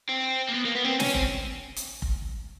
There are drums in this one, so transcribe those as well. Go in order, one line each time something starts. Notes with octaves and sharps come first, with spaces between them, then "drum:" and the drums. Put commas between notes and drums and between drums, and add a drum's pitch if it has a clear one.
C4
A#3
B3
A#3
B3
C4
C#4, drum: snare
C4, drum: kick F1
drum: hi-hat
drum: kick F1